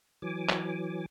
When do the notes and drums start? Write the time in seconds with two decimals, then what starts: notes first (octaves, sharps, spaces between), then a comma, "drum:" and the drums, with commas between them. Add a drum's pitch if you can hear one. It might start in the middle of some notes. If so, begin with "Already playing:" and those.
0.22 E3 F#3 G#5 D6
0.49 drum: clap